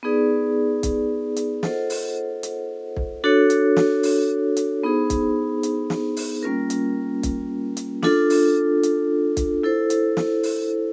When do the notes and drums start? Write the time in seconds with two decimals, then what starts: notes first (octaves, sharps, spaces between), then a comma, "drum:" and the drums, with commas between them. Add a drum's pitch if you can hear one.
0.03 B3 D#4 G#4 B4 D5
0.83 drum: kick, hi-hat
1.36 drum: hi-hat
1.63 F4 A4 C5 D#5 F#5, drum: snare
1.90 drum: open hi-hat
2.43 drum: hi-hat
2.96 drum: kick
3.24 D4 F#4 A4 C#5
3.50 drum: hi-hat
3.76 drum: snare
4.03 drum: open hi-hat
4.57 drum: hi-hat
4.83 B3 D#4 G#4 C5
5.10 drum: kick, hi-hat
5.63 drum: hi-hat
5.90 drum: snare
6.17 drum: open hi-hat
6.43 G3 A#3 C#4 F4 A#4
6.70 drum: hi-hat
7.23 drum: kick, hi-hat
7.77 drum: hi-hat
8.03 D4 F4 A4, drum: snare
8.30 drum: open hi-hat
8.83 drum: hi-hat
9.37 drum: kick, hi-hat
9.63 E4 A4 C5
9.90 drum: hi-hat
10.17 drum: snare
10.43 drum: open hi-hat